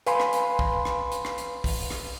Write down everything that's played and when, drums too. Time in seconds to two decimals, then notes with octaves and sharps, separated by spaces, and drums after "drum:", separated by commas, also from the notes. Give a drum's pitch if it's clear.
0.07 B4 F5 G#5 B5 C6, drum: hi-hat
0.20 drum: rim click
0.33 drum: hi-hat
0.59 drum: kick
0.85 drum: rim click
1.12 drum: hi-hat
1.25 drum: rim click
1.38 drum: hi-hat
1.64 drum: kick, open hi-hat
1.90 drum: rim click